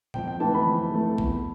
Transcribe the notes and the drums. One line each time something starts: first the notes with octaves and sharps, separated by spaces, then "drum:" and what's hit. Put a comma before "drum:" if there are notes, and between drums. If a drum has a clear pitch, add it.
F2 G5, drum: tom A#2
G5
E3 A3 A5
B5
F2
E3 A3
E2, drum: kick A1